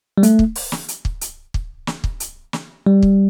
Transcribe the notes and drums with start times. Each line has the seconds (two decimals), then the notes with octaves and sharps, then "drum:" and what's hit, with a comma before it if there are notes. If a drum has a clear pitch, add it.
0.18 G3
0.23 A3, drum: hi-hat
0.39 drum: kick
0.55 drum: open hi-hat
0.72 drum: snare
0.88 drum: hi-hat
1.05 drum: kick
1.21 drum: hi-hat
1.54 drum: kick
1.87 drum: snare
2.04 drum: kick
2.20 drum: hi-hat
2.53 drum: snare
2.87 G3
3.02 drum: kick